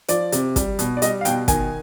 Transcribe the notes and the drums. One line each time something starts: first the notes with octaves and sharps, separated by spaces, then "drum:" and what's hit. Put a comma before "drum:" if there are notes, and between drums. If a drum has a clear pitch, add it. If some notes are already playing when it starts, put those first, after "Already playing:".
F3 D5, drum: hi-hat
C3, drum: hi-hat
G3, drum: kick, hi-hat
B2, drum: hi-hat
D5
G3 D#5, drum: hi-hat
F5
B2 G5, drum: hi-hat
D#3 G#5, drum: kick, hi-hat